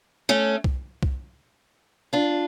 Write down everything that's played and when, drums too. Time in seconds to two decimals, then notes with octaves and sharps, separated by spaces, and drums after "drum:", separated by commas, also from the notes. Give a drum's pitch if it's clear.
0.29 A3 C#4
0.64 drum: kick C2
1.03 drum: kick C2
2.13 D4 F4